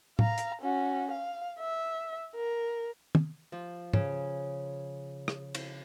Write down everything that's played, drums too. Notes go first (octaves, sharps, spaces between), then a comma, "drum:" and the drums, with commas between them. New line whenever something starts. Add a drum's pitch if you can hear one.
F5 A#5, drum: tom A2
drum: hi-hat
C#4 F#4
F5
E5
A#4
drum: tom
F3
C#3, drum: tom G#2
drum: rim click
drum: cymbal